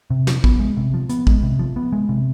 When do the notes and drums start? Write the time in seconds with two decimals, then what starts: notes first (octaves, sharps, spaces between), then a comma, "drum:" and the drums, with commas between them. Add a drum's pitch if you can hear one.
0.10 C3
0.27 F3, drum: snare
0.44 B3, drum: kick
0.59 G#3
0.77 C3
0.94 F3
1.09 B3, drum: hi-hat
1.27 G#3, drum: kick
1.43 C3
1.59 F3
1.76 B3
1.93 G#3
2.09 C3